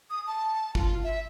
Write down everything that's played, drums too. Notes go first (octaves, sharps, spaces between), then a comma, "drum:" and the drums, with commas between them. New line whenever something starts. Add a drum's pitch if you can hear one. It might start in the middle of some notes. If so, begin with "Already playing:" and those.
D#6
A5
F4, drum: kick G1
E5